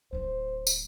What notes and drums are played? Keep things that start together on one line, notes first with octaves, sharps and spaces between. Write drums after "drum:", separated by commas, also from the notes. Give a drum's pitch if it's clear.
D1 D4 C5
drum: tambourine